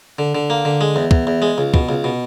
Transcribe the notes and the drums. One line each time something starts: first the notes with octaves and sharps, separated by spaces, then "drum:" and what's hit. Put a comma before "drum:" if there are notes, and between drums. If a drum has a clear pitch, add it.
D3
D3
A#3
D3
G#3
E2
E2, drum: kick
E2
G#3
C#2
B2, drum: kick
C#2
B2